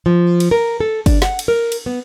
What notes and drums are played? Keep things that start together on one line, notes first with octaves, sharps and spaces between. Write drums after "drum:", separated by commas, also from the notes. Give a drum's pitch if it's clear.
F3
drum: cymbal
A#4
A4
D4, drum: kick, cymbal
F#5, drum: snare
drum: cymbal
A#4
drum: cymbal
B3